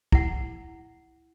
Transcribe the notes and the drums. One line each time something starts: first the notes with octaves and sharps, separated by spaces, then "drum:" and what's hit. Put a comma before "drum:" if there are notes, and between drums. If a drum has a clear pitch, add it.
E4 F#5, drum: kick